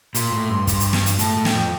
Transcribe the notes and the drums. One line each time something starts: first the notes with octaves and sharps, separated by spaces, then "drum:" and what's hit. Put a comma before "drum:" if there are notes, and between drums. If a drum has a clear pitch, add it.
A#2 C6, drum: hi-hat
A2
G2
G2, drum: kick, hi-hat
drum: hi-hat
drum: snare
drum: hi-hat
A2 A5, drum: hi-hat
A2
G5, drum: snare
F2